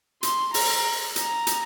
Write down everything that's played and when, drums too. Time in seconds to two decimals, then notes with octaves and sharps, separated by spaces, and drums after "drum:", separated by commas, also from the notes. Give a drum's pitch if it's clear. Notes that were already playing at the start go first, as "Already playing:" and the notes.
0.23 C6, drum: hi-hat
0.54 A#5, drum: open hi-hat
1.16 A#5, drum: hi-hat
1.47 drum: hi-hat